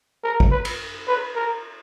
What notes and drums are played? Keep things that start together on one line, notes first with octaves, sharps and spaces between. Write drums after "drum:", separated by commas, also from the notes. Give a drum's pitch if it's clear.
A#4
drum: kick
B4
drum: cymbal
B4
A#4